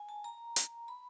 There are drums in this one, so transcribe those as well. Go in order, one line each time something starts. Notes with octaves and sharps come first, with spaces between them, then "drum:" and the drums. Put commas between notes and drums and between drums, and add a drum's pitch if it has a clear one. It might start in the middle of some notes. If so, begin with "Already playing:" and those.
Already playing: G#5
A5
A#5
drum: hi-hat
B5